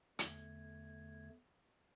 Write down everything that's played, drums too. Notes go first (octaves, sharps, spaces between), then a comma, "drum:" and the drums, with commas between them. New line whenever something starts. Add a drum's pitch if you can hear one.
E2 D3 A3 G#6, drum: hi-hat